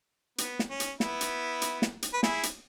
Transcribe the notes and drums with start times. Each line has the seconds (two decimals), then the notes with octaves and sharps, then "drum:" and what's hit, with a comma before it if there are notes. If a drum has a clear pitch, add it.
0.38 B3, drum: hi-hat
0.59 drum: snare
0.70 C#4
0.80 drum: hi-hat
1.00 B3 E4, drum: snare
1.21 drum: hi-hat
1.62 drum: hi-hat
1.82 drum: snare
2.02 drum: hi-hat
2.13 B4
2.23 E4 G#4, drum: snare
2.43 drum: hi-hat